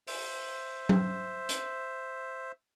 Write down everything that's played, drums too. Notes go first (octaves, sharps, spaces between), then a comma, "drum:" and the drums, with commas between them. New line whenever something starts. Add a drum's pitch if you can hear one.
C5 E5, drum: open hi-hat
drum: tom F#3
drum: hi-hat